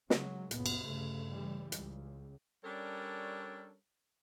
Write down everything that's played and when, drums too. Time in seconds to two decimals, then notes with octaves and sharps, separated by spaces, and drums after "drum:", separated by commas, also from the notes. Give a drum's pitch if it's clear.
0.10 C#3 F#3 G#3, drum: snare
0.51 F#1 C#2 A#2 B3, drum: hi-hat
0.66 drum: cymbal
0.84 D2 G2 C#3 A3
1.29 C#3 E3 G3
1.72 C#2, drum: hi-hat
2.64 G3 C#4 D4 A4 A#4 C#5